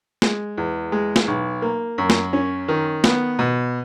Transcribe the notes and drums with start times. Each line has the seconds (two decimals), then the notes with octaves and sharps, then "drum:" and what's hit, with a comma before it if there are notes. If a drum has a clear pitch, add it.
0.22 G#3, drum: snare
0.58 E2
0.92 G#3
1.16 drum: snare
1.28 B1
1.62 A#3
1.98 F#2
2.10 drum: snare
2.33 C#4
2.68 D#3
3.04 B3, drum: snare
3.39 B2